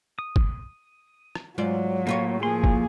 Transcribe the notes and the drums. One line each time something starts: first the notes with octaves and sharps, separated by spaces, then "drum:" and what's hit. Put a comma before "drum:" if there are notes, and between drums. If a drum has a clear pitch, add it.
D#6
drum: kick
drum: rim click
G#2 F#3 F4 D5
A2 A#3 F4 C#5
F3 A#3 G#4 C6
drum: kick